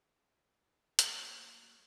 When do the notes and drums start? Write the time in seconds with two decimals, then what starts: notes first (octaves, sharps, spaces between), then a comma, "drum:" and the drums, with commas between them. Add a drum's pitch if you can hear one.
0.99 F#3 A#3, drum: hi-hat